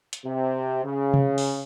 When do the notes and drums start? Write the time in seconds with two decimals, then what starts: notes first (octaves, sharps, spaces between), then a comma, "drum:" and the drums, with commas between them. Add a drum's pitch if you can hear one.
0.13 drum: hi-hat
0.25 C3
0.84 C#3
1.14 drum: tom C3
1.38 drum: open hi-hat